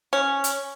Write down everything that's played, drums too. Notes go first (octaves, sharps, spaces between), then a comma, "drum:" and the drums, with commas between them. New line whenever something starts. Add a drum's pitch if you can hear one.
C#4
drum: hi-hat